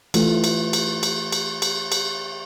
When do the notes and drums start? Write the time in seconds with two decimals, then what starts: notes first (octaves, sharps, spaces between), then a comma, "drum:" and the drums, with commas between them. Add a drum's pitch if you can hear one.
0.14 E3 A3 F4, drum: cymbal
0.44 drum: cymbal
0.73 drum: cymbal
1.03 drum: cymbal
1.32 drum: cymbal
1.62 drum: cymbal
1.92 drum: cymbal